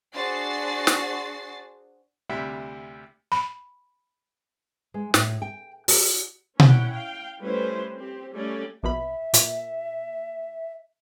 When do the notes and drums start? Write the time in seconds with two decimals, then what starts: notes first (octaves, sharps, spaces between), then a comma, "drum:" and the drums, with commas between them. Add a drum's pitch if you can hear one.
0.14 D4 F#4 G#4 C5 A6 C7
0.87 drum: snare
2.29 D2 C3 G3 E4 E5
3.32 B5
4.94 G#3
5.14 A2, drum: snare
5.42 G5
5.88 F#4, drum: open hi-hat
6.60 C#4 E4 F#5 G5, drum: tom B2
6.92 F5 G5
7.41 G3 A3 C#4 E4 B4 C5
7.94 C4 G4
8.33 G3 A3 C#4 D5
8.83 A#1 B2 E5 B5
9.34 A#2, drum: hi-hat